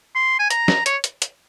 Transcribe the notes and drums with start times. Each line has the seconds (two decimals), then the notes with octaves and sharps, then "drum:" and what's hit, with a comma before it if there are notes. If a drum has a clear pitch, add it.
0.15 C6
0.39 G#5
0.50 A#5, drum: hi-hat
0.68 drum: snare
0.86 C#5, drum: hi-hat
1.04 drum: hi-hat
1.22 drum: hi-hat